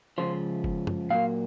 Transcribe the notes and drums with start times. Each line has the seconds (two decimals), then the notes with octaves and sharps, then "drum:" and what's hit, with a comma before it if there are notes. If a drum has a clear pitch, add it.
0.18 C#2 C#3 F3 C5
0.64 drum: kick F#1
0.87 drum: tom
1.10 A#2 F#3 A#3 F5